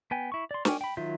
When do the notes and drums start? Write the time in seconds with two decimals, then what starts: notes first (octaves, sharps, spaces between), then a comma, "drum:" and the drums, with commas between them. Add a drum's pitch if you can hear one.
0.11 B3 G5 G#5
0.32 E4 C#6
0.51 D5 C6
0.65 G5 G#5 C#6 D6 F6, drum: snare
0.81 G5 B5
0.97 D#3 F#3 F4 E5 G6